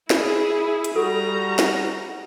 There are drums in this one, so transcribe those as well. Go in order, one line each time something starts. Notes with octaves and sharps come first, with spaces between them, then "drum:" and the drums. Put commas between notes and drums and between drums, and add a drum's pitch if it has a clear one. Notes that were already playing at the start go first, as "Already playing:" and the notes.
E4 G#4, drum: snare
drum: hi-hat
G3 F#4 A4 A#5
drum: snare